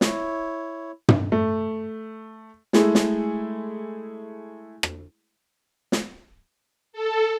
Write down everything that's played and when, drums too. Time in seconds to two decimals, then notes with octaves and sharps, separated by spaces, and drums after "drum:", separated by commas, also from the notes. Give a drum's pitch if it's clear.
0.01 E4 C#5, drum: snare
1.08 drum: tom
1.32 A3
2.73 G#3 A3 E4 G#4, drum: snare
2.95 drum: snare
4.83 drum: rim click
5.92 drum: snare
6.93 A4